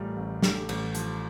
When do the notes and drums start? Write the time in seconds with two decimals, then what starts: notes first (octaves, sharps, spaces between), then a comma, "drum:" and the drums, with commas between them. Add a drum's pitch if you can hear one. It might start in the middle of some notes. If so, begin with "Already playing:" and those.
Already playing: A1 A2 E3 G3 E4 F4 A#4
0.17 A1
0.42 A3 G4, drum: snare
0.69 A1, drum: cymbal
0.95 F3, drum: hi-hat